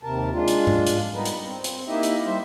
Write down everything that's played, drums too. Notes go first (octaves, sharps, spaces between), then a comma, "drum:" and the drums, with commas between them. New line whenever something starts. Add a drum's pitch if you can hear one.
D#2 C3 A#4 A5
G#3 D4 F4
drum: hi-hat
drum: tom G#2
drum: hi-hat
G3 B3 D#4 A#4 B4
drum: hi-hat
C4
drum: hi-hat
A#3 D#4 E4 G4 D#5 E5
drum: hi-hat
G3 C5 E5